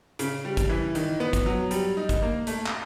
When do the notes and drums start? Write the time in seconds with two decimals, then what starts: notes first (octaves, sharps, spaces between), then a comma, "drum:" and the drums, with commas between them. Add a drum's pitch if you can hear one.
0.19 C#3, drum: hi-hat
0.45 G3
0.57 drum: kick, hi-hat
0.69 E3
0.95 D#3, drum: hi-hat
1.20 B3
1.33 drum: kick, hi-hat
1.46 F#3
1.71 G3, drum: hi-hat
1.97 D#4
2.09 drum: kick, hi-hat
2.22 A#3
2.47 A3, drum: hi-hat
2.66 drum: clap